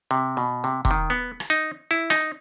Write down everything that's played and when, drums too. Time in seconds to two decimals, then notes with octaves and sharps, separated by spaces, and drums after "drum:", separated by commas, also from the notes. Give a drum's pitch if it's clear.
0.11 C3
0.37 B2
0.64 C3
0.85 C3, drum: kick E1
0.91 D#3
1.10 B3
1.40 drum: rim click
1.50 D#4
1.91 E4
2.10 D#4, drum: rim click